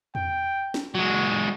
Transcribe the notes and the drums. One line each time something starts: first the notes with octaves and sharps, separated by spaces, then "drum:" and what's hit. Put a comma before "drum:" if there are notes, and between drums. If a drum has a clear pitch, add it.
G5, drum: tom E2
drum: snare
F#3 G#3 F#4